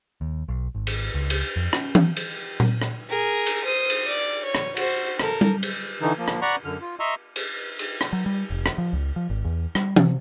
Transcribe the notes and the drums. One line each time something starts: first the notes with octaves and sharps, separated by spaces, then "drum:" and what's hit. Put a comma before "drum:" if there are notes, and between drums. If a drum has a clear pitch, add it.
D#2
B1
G#1
drum: cymbal
C#2
drum: cymbal
F2
C#4, drum: rim click
drum: tom E3
drum: cymbal
drum: tom A#2
drum: rim click
G#4 A#4
drum: cymbal
C5 D#6
drum: cymbal
D5
C#5
drum: rim click
F#4 C5, drum: cymbal
A4 A#4, drum: rim click
drum: tom G3
drum: cymbal
D3 E3 D#4
F3 A#3
drum: rim click
D5 F#5 A#5 B5 C#6
F#2 D3 F6
F4
D#5 E5 A#5 C6 C#6 E6
drum: cymbal
drum: cymbal
drum: rim click
F#3
G3
F1
drum: rim click
F3
C#2
F3
G#1
E2
G3, drum: rim click
C3, drum: tom E3